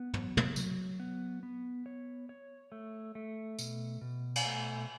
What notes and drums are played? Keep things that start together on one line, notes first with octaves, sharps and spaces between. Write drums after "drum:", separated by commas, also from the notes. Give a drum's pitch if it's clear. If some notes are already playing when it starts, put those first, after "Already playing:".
Already playing: B3
F#3, drum: tom
drum: tom
F#3, drum: tambourine
B3
B3
C#5
C#5
A3
A3
B2, drum: tambourine
B2
drum: cymbal
A3